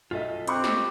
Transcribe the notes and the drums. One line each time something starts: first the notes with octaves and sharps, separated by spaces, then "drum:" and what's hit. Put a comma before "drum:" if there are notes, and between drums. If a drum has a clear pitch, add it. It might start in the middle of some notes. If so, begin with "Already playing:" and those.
B1 F4 A4 D#5 E5
C4 G4 C6 C#6 F#6, drum: hi-hat
drum: snare